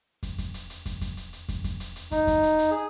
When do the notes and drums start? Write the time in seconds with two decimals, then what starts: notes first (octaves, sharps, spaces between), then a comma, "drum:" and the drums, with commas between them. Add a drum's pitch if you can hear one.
0.23 drum: kick, hi-hat
0.38 drum: kick, hi-hat
0.54 drum: hi-hat
0.70 drum: hi-hat
0.86 drum: kick, hi-hat
1.01 drum: kick, hi-hat
1.17 drum: hi-hat
1.33 drum: hi-hat
1.49 drum: kick, hi-hat
1.64 drum: kick, hi-hat
1.80 drum: hi-hat
1.96 drum: hi-hat
2.11 D#4, drum: kick, hi-hat
2.27 drum: kick, hi-hat
2.43 drum: hi-hat
2.59 drum: hi-hat
2.71 G#4